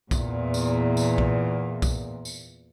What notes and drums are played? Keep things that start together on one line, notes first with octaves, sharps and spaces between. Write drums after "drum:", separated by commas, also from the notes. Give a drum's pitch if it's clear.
E2 A#2, drum: kick B1, tambourine
drum: tambourine
drum: tambourine
drum: kick B1
drum: kick B1, tambourine
drum: tambourine